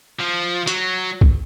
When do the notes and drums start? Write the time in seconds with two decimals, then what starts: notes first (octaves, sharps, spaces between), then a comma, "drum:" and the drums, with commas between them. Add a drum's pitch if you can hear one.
0.20 F3
0.67 F#3, drum: hi-hat
1.21 drum: kick